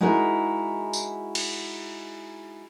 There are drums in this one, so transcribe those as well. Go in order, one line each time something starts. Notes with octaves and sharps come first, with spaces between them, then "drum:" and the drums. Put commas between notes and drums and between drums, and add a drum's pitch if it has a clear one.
G#3 D#4 E4 F#4 A#4
drum: tambourine
drum: cymbal